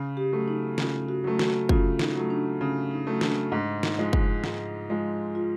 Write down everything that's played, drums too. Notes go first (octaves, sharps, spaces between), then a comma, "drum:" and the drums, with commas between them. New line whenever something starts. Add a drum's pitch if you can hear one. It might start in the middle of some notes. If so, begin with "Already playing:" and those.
Already playing: C#3
G4
F#3 A3
D#4
C#3 F4, drum: snare
F#4
F#3 A3
F#4, drum: snare
C#3 F4, drum: kick
D#4, drum: snare
F#3 A3
D4
C#3
D#4
F#3 A3
D4, drum: snare
G#2 D4
D#4, drum: snare
F3 G#3
drum: kick
G#2, drum: snare
F3 G#3
F4